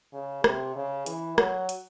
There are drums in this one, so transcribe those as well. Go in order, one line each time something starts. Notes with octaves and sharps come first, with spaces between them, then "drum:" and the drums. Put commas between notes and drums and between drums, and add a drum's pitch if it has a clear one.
C#3
C3, drum: rim click
C#3
E3, drum: hi-hat
F#3, drum: rim click
drum: hi-hat